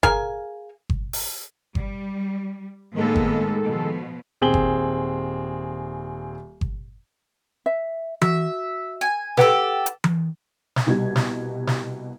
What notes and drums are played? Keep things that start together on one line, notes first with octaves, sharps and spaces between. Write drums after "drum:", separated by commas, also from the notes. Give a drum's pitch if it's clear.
G#4 A#4 F5 G#5, drum: kick G1
drum: kick G1
drum: open hi-hat
G3, drum: kick G1
A2 D#3 G#3 A#3 B3 A4
drum: kick G1
B2 F3
D#1 C4 G#4 F#7 G7
drum: kick G1
drum: kick G1
E5
F#4 E5, drum: tom E3
G#5
G4 A4 B4 F#5, drum: snare
drum: hi-hat
drum: tom E3
drum: snare
C2 B2 G3 G#6
drum: snare
drum: snare